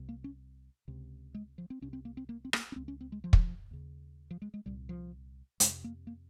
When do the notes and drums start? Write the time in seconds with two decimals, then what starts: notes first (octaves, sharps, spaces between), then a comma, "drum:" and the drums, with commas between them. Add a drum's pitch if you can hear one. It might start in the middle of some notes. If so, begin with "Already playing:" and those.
Already playing: C2 C3
0.09 A#3
0.24 C#4
0.88 C#2 C3
1.34 G#3
1.58 F3
1.70 C4
1.81 C2 C3 C#4
1.93 C4
2.05 A#3
2.17 C4
2.29 A#3
2.45 C4
2.53 A#3, drum: rim click
2.72 C#4
2.76 C#2 C#3 C4
2.88 C#4
3.01 C4
3.12 G#3
3.24 F3
3.33 drum: kick
3.71 D#2 C#3
4.31 F3
4.42 G#3
4.54 G#3
4.65 C2 A#2 G3
4.89 F3
5.60 F2 C3 G#3, drum: hi-hat
5.84 A#3
6.07 A#3